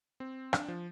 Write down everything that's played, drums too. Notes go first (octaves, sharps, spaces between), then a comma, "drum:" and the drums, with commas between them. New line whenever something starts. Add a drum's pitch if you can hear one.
C4
D4, drum: rim click
F3